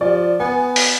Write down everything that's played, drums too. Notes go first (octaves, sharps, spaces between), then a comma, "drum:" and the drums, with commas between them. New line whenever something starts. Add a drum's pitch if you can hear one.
F3 G4 D5
B3 G#5
drum: open hi-hat